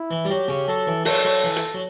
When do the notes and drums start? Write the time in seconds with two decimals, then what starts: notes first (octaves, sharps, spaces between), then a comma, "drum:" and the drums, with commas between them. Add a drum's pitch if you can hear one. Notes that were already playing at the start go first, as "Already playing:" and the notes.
Already playing: E4
0.11 E3
0.25 G3
0.30 F#3 G4
0.48 C#3 C#4
0.68 F#3 A4
0.87 E3
1.05 F#3 A4, drum: open hi-hat
1.25 F#3
1.44 E3
1.56 drum: hi-hat
1.74 F#3